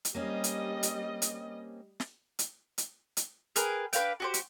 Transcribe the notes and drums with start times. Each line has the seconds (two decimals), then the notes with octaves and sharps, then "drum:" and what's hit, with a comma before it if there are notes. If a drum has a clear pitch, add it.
0.05 drum: hi-hat
0.15 G3 A#3 C4 C#4 D#5
0.44 drum: hi-hat
0.83 drum: hi-hat
1.22 drum: hi-hat
2.00 drum: snare
2.39 drum: hi-hat
2.78 drum: hi-hat
3.17 drum: hi-hat
3.56 G#4 A#4 B4 G5, drum: hi-hat
3.93 D4 B4 F5 G5, drum: hi-hat
4.20 F#4 G4 C5
4.34 drum: hi-hat